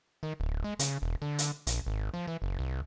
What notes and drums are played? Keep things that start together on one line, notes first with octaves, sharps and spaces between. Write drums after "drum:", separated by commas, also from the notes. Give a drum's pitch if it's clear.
D#3
D1
G#3
C#3, drum: hi-hat
E1
D3
drum: hi-hat
A#1, drum: hi-hat
G#1
F3
E3
F#1
C2